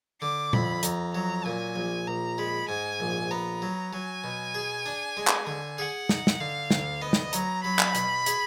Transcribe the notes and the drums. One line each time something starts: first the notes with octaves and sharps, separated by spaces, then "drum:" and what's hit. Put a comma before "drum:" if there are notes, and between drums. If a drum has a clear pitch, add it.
D3 D6
F2 B5, drum: tom A#2
F2 A#5, drum: hi-hat
F#3 A#5
A#2 G#5
A#1
A#1 A#5
G#3 B5
G#2 G#5
A#1
B3 A#5
F#3
F#3 G#5
B2
G#4
D4
G#3
drum: clap
D3
G#4 F#5
D#4, drum: snare
drum: snare
D3 F5
D2, drum: snare
B3 D#5
drum: snare
F#3 A#5, drum: hi-hat
F#3 B5
drum: clap
B2, drum: hi-hat
G#4, drum: hi-hat